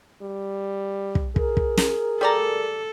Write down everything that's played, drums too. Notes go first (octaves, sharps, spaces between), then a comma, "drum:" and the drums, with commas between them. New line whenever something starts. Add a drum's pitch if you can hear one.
G3
drum: kick
G#4 A#4, drum: kick
drum: kick
drum: snare
G3 A4 D5 A#5